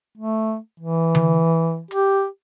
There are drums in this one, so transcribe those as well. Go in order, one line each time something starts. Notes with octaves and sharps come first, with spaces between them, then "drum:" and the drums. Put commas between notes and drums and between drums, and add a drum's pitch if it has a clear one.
A3
E3
drum: tom D3
G4, drum: hi-hat